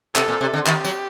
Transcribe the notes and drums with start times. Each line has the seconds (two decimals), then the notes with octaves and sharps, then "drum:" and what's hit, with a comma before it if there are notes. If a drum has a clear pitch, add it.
0.16 C3 A4, drum: clap
0.28 A#2
0.41 C3
0.53 D3
0.66 D#3 G4, drum: clap
0.84 F#3, drum: tambourine